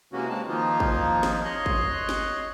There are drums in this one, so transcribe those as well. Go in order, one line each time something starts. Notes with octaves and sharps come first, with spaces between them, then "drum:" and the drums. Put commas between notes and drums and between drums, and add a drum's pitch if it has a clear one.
C3 E3 G#3 A#3 C#4 F#4
G#3 A#3 C4 A5
D#3 F3 A#3 D#4 F4
drum: kick
drum: snare
C#5 D#5 C6 F#6
drum: kick
drum: snare